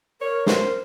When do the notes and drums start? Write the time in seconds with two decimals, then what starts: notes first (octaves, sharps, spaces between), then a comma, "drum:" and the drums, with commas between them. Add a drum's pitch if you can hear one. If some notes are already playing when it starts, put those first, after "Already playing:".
0.21 A#4 C#5
0.46 C5, drum: snare